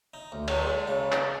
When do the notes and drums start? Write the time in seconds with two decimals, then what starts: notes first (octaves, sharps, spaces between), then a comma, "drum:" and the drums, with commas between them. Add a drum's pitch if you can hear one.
0.14 D#4
0.32 D2
0.48 F#3, drum: cymbal
0.61 G#3
0.88 C#3
1.12 drum: clap